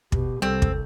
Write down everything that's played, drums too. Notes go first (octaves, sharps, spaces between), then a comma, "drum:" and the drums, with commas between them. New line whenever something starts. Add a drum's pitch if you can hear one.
B2 G4, drum: kick
C2 G3 C4 A4
drum: kick